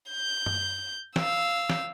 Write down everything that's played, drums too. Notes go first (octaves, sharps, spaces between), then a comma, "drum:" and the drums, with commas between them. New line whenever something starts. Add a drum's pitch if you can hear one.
G6
drum: tom F#2
F5 E6, drum: snare
drum: snare